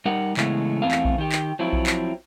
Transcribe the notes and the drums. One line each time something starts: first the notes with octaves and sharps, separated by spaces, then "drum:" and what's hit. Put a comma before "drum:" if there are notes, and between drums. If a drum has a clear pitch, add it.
G3 D#4 A#4 F#5
C#3 E3 G#3 A3 B3, drum: clap
E2 F#3 A3 C4 A4 F5
drum: clap
drum: kick A#1
D#3 G4
drum: clap
F3 F#3 C4 E4
drum: kick A#1
drum: clap